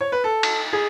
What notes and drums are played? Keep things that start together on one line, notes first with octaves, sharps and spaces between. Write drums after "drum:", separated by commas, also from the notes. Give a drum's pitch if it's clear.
C#5
B4
A4
drum: cymbal
G#4